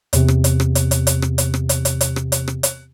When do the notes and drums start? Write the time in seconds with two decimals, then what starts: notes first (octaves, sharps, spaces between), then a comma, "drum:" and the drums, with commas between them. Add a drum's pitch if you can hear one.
0.13 E2 C3, drum: hi-hat
0.28 drum: rim click
0.44 drum: hi-hat
0.60 drum: rim click
0.75 drum: hi-hat
0.91 drum: hi-hat
1.07 drum: hi-hat
1.22 drum: rim click
1.38 drum: hi-hat
1.54 drum: rim click
1.69 drum: hi-hat
1.85 drum: hi-hat
2.01 drum: hi-hat
2.16 drum: rim click
2.32 drum: hi-hat
2.48 drum: rim click
2.63 drum: hi-hat